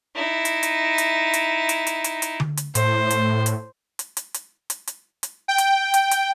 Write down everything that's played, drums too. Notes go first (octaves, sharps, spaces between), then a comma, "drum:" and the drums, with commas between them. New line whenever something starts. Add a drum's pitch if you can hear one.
D#4 E4
drum: hi-hat
drum: hi-hat
drum: hi-hat
drum: hi-hat
drum: hi-hat
drum: hi-hat
drum: hi-hat
drum: hi-hat
drum: tom D3
drum: hi-hat
A2 C5, drum: hi-hat
drum: hi-hat
drum: hi-hat
drum: hi-hat
drum: hi-hat
drum: hi-hat
drum: hi-hat
drum: hi-hat
drum: hi-hat
G5
drum: hi-hat
drum: hi-hat
drum: hi-hat